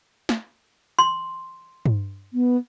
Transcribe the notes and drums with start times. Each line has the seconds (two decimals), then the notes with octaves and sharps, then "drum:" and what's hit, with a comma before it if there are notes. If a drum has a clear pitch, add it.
0.29 drum: snare
0.99 C6
1.86 drum: tom G2
2.33 B3